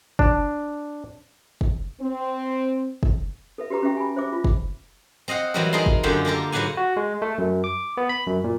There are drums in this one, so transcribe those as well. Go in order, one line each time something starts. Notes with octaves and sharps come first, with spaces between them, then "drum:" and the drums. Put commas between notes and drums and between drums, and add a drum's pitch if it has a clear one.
D4, drum: kick
drum: kick
C4
drum: kick
A4 B4 E5
F#4 G4 B4 A#5 D6
C#4 F#4 B4 E5 G5 C#6
G#5 B5
C5 E5 D6
F4
drum: kick
C4 D#5 F5 F#5
E3 F#3 G3 C4 F#4 A#4
D#4 G#4 A#4 A5 B5 C6
drum: kick
F#2 D3 F4 G4 F5 F#5
A#3 G4 A4 A#4
G#2 F#3 B4 F5 F#5 G#5
F#4
G#3
A3
F#2
D6
B3
B5
F#2
A#2